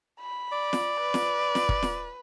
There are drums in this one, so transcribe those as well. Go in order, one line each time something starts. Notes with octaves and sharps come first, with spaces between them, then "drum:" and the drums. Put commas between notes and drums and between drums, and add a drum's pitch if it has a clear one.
B5
D5
drum: snare
B4
drum: snare
drum: snare
drum: kick
drum: snare